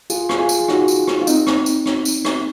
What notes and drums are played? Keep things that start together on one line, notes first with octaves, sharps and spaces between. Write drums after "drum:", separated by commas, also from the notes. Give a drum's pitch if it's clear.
F4 G#4, drum: tambourine
drum: rim click
F4 G#4
drum: tambourine
D#4 F#4, drum: rim click
drum: tambourine
drum: rim click
F4
C4 D#4, drum: tambourine
drum: rim click
drum: tambourine
drum: rim click
drum: tambourine
drum: rim click